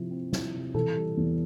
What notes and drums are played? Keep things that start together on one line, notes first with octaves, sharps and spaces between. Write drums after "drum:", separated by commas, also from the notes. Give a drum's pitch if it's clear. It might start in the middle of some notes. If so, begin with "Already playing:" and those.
Already playing: C3 F3 E4
C4
E4, drum: snare
C3
E3 A4, drum: tom B2
G3
E2